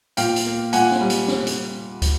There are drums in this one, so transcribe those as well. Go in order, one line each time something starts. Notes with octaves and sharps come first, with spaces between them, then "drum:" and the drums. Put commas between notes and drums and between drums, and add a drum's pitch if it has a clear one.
A#2 F5 G5, drum: hi-hat
drum: hi-hat
A#3
A#2 F#5 G#5, drum: hi-hat
drum: snare
G3
drum: hi-hat
drum: snare
drum: hi-hat
drum: kick, hi-hat